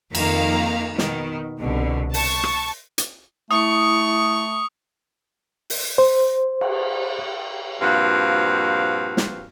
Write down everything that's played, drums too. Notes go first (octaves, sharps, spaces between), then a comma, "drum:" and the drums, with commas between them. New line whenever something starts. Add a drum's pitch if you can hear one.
F2 D#3 A#3 F5 A#5, drum: cymbal
B2 D#3, drum: snare
C2 B2 D3
A5 C#6, drum: open hi-hat
drum: rim click
drum: hi-hat
A3 E4 C#6 D#6
drum: open hi-hat
C5
drum: cymbal
G2 A#2 F3 C4 F#4 F5
drum: snare